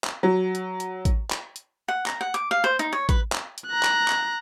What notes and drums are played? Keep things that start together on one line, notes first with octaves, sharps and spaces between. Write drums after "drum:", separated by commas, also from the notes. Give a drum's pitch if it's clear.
drum: clap
F#3
drum: hi-hat
drum: hi-hat
drum: kick A1, hi-hat
drum: clap
drum: hi-hat
F#5
A#5, drum: clap
F#5
D6, drum: hi-hat
F5
C5
D#4, drum: hi-hat
C#5
B4, drum: kick A1, hi-hat
drum: clap
drum: hi-hat
A#5 F#6
drum: clap
drum: clap